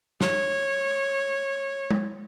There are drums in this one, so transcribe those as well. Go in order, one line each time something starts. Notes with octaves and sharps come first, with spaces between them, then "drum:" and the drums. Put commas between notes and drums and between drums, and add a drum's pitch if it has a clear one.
C#5, drum: snare
drum: tom G#3